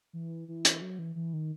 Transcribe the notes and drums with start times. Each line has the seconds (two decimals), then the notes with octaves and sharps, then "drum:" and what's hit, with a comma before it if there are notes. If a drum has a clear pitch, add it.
0.13 E3
0.48 E3
0.65 drum: hi-hat
0.82 F#3
0.99 E3
1.15 E3
1.33 D#3